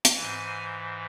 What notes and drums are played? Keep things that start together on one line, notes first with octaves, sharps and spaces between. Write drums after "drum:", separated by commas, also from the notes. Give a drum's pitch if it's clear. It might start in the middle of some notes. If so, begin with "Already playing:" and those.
drum: hi-hat
G#2 E3 G#5